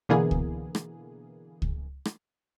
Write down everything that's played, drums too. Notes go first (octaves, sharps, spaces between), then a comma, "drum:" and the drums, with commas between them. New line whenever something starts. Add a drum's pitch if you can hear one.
B2 D3 E3 A#3 B3 G#4
drum: kick C#2
drum: rim click
drum: kick C#2
drum: rim click